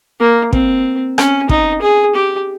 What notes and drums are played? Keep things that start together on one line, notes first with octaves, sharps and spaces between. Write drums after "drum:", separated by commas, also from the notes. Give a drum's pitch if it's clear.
A#3
C4, drum: kick
C#4, drum: rim click
D#4, drum: kick
G#4
G4